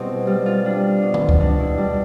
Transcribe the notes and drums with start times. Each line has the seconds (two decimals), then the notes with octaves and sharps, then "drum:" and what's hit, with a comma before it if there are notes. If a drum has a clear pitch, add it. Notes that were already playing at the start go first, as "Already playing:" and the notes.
Already playing: B2 G3 C4 E4
0.27 G3 F4
0.46 F4
0.65 G3 D4
1.02 B2
1.14 drum: tom D#3
1.29 drum: kick C#2
1.40 B2 D4
1.60 E4
1.78 G3 D4